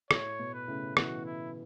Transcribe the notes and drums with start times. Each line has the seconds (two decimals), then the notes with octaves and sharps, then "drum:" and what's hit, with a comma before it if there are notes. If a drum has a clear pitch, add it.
0.11 A2 C#5, drum: rim click
0.39 B2
0.54 B4
0.68 A2 C#3
0.97 B2 E3 F#4, drum: rim click
1.25 E4